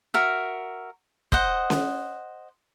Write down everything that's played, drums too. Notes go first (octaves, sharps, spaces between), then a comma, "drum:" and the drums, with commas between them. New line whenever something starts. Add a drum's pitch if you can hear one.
F#4 A#4 E5
C5 D#5 F#5, drum: kick
drum: snare C#4